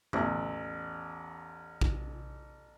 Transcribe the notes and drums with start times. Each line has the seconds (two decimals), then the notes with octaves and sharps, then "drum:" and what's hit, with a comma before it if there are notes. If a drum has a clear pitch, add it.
0.13 A1 E2, drum: tom D3
1.81 drum: kick